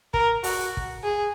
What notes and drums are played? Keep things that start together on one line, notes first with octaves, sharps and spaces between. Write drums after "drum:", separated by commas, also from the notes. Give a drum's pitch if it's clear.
A#4, drum: kick
F#4, drum: open hi-hat
drum: kick
G#4